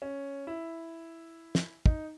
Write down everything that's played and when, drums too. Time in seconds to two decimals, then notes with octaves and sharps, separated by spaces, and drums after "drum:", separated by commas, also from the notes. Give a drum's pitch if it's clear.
0.02 C#4
0.47 E4
1.55 drum: snare
1.86 D#4, drum: kick